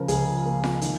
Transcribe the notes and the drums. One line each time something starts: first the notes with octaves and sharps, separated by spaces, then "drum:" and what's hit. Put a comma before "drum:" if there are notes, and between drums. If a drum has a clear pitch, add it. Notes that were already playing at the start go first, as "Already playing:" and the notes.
Already playing: C#3 F3 A#4
C#2 G#4, drum: hi-hat
A#3
drum: snare F4
D#3, drum: hi-hat